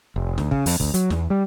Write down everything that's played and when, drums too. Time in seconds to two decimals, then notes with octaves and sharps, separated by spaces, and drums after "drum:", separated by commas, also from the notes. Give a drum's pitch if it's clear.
0.16 F1
0.38 D2, drum: snare
0.51 C#3, drum: kick
0.66 F2, drum: open hi-hat
0.80 D2, drum: kick
0.94 F#3, drum: hi-hat
1.10 E2, drum: snare
1.30 G3